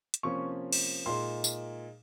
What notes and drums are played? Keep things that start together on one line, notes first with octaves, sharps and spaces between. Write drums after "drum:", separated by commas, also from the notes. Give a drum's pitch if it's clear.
drum: hi-hat
C3 F3 A#3 C#4 C#6
drum: cymbal
A#2 G#3 D#4 C6
drum: tambourine